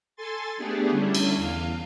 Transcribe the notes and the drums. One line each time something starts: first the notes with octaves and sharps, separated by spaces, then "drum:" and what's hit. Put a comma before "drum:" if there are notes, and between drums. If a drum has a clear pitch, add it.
A4 G#5 C6 A6
A3 B3 D4 G4 G#4
D3 G3 C#4 D4 E4
drum: cymbal
E2 F5